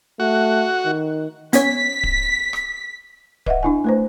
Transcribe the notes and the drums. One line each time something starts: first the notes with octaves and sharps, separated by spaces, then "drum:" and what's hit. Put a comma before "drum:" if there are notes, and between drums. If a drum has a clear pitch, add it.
A3 F#4
D#3
B3 C#4 C#5 B6, drum: hi-hat
drum: kick D1
drum: rim click
B4 D#5 E5 F#5, drum: kick D1
D4 E4 G#5
A3 B4 C5